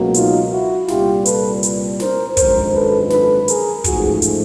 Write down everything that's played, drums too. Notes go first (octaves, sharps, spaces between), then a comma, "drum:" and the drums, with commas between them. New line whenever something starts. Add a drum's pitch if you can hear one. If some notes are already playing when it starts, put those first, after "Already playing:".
Already playing: C#2 B2 F#3 A#3
D#4 F4, drum: hi-hat
E4 F#4
C2 A#2 G3 F4 G4, drum: snare
A4 B4, drum: hi-hat
drum: hi-hat
A#4 C5, drum: snare
G#1 F#2 D3 F3 G#3 A#4 C5, drum: kick, hi-hat
A4 B4
A4 B4, drum: snare
G#4 A#4, drum: hi-hat
A1 G#2 F3 A3 F#4 G#4, drum: kick, hi-hat
drum: hi-hat